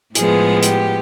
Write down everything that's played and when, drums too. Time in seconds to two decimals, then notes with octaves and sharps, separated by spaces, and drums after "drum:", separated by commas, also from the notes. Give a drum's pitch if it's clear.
0.15 A2 F3 G#3 B3 G#4, drum: hi-hat
0.63 G4, drum: hi-hat